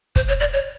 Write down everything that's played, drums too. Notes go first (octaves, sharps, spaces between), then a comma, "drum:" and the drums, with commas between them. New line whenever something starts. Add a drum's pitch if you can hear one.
C5, drum: kick, hi-hat
C#5
D5
C#5